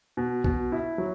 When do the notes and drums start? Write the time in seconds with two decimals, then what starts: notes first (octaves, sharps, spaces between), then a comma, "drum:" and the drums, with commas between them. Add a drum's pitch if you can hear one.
0.17 B2
0.44 B2, drum: kick A1
0.72 E4
0.98 F#3